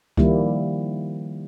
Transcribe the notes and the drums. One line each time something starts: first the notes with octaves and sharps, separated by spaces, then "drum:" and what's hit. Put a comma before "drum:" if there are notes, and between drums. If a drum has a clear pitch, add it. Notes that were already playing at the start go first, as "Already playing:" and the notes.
D#3 F3 G3 A#3 E4, drum: kick C2